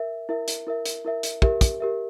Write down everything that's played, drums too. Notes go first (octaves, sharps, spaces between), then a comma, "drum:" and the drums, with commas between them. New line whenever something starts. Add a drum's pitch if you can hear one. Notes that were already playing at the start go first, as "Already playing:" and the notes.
Already playing: A#4 E5
E4 A#4 E5
drum: hi-hat
E4 A#4 E5
drum: hi-hat
E4 A#4 E5
drum: hi-hat
G4 A#4 E5, drum: kick
drum: kick, hi-hat
G4 A#4 E5